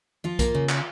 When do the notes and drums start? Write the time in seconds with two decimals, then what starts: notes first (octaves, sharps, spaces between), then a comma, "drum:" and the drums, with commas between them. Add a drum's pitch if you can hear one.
0.24 F3 F4
0.39 A#3, drum: kick B1, hi-hat
0.54 C#3
0.69 drum: clap